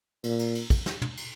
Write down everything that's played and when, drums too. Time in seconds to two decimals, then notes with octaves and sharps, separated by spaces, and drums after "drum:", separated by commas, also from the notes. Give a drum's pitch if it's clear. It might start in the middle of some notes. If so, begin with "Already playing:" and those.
0.24 A#2, drum: cymbal
0.39 drum: cymbal
0.55 drum: cymbal
0.70 drum: kick, cymbal
0.86 drum: snare
1.02 drum: tom
1.17 drum: cymbal